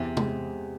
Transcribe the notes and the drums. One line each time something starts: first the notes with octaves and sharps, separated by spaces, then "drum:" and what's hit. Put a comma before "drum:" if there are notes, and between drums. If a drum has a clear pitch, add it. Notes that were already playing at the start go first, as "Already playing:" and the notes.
Already playing: E2 C3
G#3, drum: tom C3